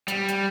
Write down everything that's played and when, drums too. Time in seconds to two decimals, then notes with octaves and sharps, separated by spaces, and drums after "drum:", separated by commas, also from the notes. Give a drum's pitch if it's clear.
0.08 G3, drum: hi-hat
0.28 drum: hi-hat